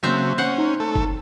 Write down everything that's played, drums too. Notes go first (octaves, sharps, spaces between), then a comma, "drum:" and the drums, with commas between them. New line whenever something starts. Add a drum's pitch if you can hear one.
C#3 F#3 A#3 C4 E5 F5 F#6 G6
C#4 C5 F#5
D#4 A#5
A3 A4
drum: kick